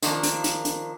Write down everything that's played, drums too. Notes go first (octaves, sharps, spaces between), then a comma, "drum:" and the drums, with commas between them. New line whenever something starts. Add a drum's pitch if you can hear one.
D#3 F3 A#3 D4, drum: hi-hat
drum: hi-hat
drum: hi-hat
drum: hi-hat